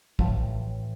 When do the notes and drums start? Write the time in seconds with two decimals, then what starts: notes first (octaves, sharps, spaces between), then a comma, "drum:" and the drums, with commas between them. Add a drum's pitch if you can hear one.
0.19 A1 A2 F3, drum: kick